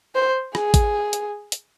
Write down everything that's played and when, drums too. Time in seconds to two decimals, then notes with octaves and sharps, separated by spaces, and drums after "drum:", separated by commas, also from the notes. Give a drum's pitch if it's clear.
0.15 C5
0.55 G#4, drum: rim click
0.74 drum: kick G#1, hi-hat
1.13 drum: hi-hat
1.52 drum: hi-hat